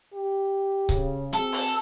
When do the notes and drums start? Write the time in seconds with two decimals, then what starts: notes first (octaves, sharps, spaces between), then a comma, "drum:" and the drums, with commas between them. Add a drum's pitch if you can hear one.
0.14 G4
0.89 C#3, drum: kick C#1
1.34 C4 F#4 G#4 A4
1.52 drum: open hi-hat